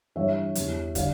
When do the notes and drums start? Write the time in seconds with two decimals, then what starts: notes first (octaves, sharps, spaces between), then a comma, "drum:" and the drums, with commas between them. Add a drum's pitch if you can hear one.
0.16 G2 E3 G3 C#5 E5
0.55 E2 E3 G3, drum: hi-hat
0.95 D3 G3 D5 F5, drum: kick, hi-hat